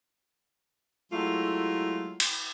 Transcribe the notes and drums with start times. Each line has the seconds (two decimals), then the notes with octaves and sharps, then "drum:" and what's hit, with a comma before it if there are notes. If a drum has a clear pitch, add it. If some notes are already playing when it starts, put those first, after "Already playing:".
1.12 F#3 G#3 A3 E4 F4
2.20 drum: cymbal